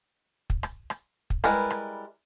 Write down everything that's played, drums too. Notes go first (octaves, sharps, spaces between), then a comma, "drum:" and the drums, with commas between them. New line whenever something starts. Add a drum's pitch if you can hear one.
drum: kick
drum: rim click
drum: rim click
drum: kick
G3 G#3 E4 A#4 B4, drum: rim click
drum: rim click